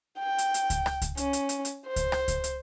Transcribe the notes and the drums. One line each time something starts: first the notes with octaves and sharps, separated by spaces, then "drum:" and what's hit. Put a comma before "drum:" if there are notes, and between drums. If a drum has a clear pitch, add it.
G5
drum: hi-hat
drum: hi-hat
drum: kick C#2, hi-hat
drum: rim click
drum: kick C#2, hi-hat
C#4, drum: hi-hat
drum: hi-hat
drum: hi-hat
drum: hi-hat
C5
drum: kick C#2, hi-hat
drum: rim click
drum: kick C#2, hi-hat
drum: hi-hat